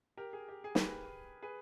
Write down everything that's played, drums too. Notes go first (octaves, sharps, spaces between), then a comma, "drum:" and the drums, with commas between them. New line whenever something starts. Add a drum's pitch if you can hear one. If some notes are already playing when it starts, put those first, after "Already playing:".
G4 A#4
G#4
G4
G#4
B4, drum: snare
G4 A#4
G#4 B4